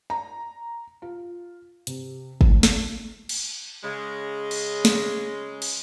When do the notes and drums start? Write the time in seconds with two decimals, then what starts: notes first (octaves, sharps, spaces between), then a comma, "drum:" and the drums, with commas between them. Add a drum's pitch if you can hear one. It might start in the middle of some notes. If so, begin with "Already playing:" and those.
0.10 A#5
1.02 F4
1.87 C3, drum: hi-hat
2.41 A2, drum: kick
2.63 A3, drum: snare
3.29 drum: cymbal
3.83 C#3 G#3
4.51 drum: cymbal
4.85 drum: snare
5.62 drum: cymbal